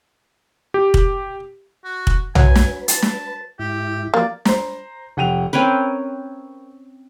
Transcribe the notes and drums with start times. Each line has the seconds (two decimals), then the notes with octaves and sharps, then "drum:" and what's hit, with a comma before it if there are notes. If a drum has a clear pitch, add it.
0.74 G4
0.94 drum: kick
1.84 F#4
2.07 drum: kick
2.35 F#3 B4 G#5, drum: tom B1
2.55 drum: snare
2.88 A5, drum: hi-hat
3.02 drum: snare
3.59 G#2 E4 G4
4.14 F3 F#3 A#3 G4 D5
4.45 C5 A#5, drum: snare
5.17 F1 F#5 G5 D#7 F7
5.53 C4 C#4 A#4 B4